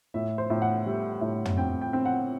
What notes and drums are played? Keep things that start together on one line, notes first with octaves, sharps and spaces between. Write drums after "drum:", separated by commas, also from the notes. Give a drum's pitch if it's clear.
A2 E5
C5
A2
F#5
G3 E5
A2
drum: tom
C4 G5
G5
C4
F#5